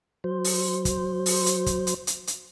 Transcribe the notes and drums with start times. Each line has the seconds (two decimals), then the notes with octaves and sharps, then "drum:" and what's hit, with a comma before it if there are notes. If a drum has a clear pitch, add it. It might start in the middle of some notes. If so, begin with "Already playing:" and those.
0.24 F#3 C5
0.44 drum: open hi-hat
0.85 drum: kick, hi-hat
1.26 drum: open hi-hat
1.46 drum: hi-hat
1.66 drum: kick, hi-hat
1.87 drum: hi-hat
2.07 drum: hi-hat
2.27 drum: hi-hat